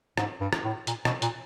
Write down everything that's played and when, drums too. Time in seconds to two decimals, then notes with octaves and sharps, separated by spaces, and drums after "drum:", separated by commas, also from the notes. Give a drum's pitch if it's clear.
0.17 G#2, drum: rim click
0.41 G2
0.53 drum: rim click
0.64 A2
0.87 A#2, drum: hi-hat
1.05 B2, drum: rim click
1.22 A#2, drum: hi-hat